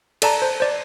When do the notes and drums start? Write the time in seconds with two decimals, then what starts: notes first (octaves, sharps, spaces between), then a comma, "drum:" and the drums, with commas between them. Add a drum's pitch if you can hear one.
0.22 A4 D5 A5 A#5, drum: cymbal
0.42 C5
0.60 C5 D5